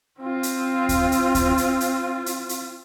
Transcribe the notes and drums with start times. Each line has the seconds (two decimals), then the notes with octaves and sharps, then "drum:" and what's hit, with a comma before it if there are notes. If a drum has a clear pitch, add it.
0.20 C4 F4
0.43 drum: hi-hat
0.89 drum: kick D2, hi-hat
1.12 drum: hi-hat
1.35 drum: kick D2, hi-hat
1.58 drum: hi-hat
1.80 drum: hi-hat
2.26 drum: hi-hat
2.49 drum: hi-hat